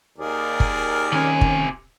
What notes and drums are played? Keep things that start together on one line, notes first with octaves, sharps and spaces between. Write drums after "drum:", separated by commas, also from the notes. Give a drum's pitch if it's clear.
D#2 G#4 A#4 D5
drum: kick
C3 D#3 C#4 G#5
drum: kick